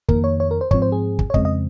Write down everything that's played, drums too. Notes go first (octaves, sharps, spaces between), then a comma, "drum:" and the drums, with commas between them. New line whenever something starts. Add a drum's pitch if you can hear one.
F2 D#3 A#3 A#4, drum: kick
C#5
C#5
A#4
C5
G#2 F3 C4 C#5, drum: kick
C5
G#4
drum: kick
C#5
F2 C#3 G#3 C4 D#5, drum: kick
D#5